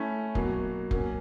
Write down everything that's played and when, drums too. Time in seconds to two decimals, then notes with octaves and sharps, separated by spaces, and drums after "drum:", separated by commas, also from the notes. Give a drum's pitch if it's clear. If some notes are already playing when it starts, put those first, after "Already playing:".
Already playing: A3 C#4 E4
0.35 B2 F#3 A#3, drum: kick F1
0.91 F#3 A#3 C#4, drum: kick F1